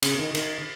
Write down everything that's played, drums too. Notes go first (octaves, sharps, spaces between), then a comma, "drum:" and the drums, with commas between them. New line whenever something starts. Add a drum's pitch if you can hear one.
C#3, drum: cymbal
D#3
D#3, drum: cymbal